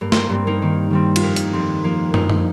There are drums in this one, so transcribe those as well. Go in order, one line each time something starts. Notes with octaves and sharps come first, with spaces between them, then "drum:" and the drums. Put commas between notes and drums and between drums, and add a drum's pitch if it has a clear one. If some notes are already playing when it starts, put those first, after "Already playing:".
G2 A#3
A#3 C4, drum: snare
G2 G3 C4
A#3 D#4
D#3 A#3
D#3 G3 C4
F4, drum: cymbal
F2 A#3 D#4
drum: hi-hat
F2 G3 C4
F3 A#3
F3 A#3 D#4, drum: tom
drum: tom